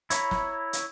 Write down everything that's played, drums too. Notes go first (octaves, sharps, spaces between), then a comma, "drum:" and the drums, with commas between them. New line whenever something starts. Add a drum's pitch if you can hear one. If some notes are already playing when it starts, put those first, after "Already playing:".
E4 C#5 A#5 B5, drum: hi-hat
drum: snare
drum: hi-hat